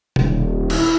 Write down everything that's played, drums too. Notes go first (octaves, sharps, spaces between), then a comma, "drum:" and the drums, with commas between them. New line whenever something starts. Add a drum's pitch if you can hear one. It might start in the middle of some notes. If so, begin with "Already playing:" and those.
D#1, drum: tom B2
E4, drum: cymbal